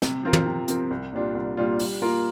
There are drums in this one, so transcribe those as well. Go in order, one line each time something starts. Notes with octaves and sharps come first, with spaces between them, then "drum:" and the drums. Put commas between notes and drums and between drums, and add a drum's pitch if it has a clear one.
C3, drum: snare
F3 C4 F4 A#4
drum: tom
C3
F3 C4 F4 A#4, drum: hi-hat
C2
A#2 G3 D4 F4
C2
A#2 G3 D4 F4
G3, drum: open hi-hat
A#3 F4 A#4